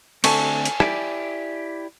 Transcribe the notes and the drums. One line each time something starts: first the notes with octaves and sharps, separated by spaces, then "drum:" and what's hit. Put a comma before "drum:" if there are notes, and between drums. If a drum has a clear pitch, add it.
D3 A3 C4 A4 G#5 C#6, drum: cymbal
drum: hi-hat
E4 G4 D5, drum: rim click